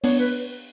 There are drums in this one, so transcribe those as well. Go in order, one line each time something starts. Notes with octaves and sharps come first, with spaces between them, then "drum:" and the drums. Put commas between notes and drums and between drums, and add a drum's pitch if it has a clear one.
B3 D4 C#5, drum: open hi-hat
B4